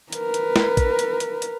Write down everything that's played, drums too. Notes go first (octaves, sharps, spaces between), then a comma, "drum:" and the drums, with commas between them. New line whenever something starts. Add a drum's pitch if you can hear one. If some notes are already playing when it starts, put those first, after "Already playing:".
A#4 B4, drum: hi-hat
drum: hi-hat
drum: snare
drum: kick, hi-hat
drum: hi-hat
drum: hi-hat
drum: hi-hat